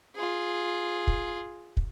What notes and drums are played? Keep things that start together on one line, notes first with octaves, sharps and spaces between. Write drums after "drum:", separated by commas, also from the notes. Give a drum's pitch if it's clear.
F4 G#4
drum: kick
drum: kick